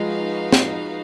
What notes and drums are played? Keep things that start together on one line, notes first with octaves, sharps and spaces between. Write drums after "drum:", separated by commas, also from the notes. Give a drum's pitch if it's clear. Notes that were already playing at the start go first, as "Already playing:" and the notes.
Already playing: F3 G#3 D#4 F#4 B4 F5
drum: snare